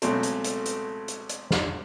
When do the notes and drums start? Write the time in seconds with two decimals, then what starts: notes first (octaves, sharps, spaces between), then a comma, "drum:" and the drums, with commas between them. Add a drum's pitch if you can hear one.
0.02 C#2 B2 F#3 A3 C4, drum: hi-hat
0.23 drum: hi-hat
0.44 drum: hi-hat
0.66 drum: hi-hat
1.08 drum: hi-hat
1.29 drum: hi-hat
1.51 drum: snare